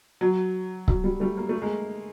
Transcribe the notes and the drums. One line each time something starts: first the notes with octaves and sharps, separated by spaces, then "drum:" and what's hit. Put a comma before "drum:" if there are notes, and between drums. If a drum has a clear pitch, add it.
F#3
F#3, drum: kick C#1
G3
G3 A3
A#3
A3
G#3 A#3